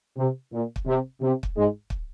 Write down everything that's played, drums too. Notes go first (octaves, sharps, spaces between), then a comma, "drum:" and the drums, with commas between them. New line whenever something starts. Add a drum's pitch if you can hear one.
C3
A#2
drum: kick
C3
C3
drum: kick
G#2 G#3
drum: kick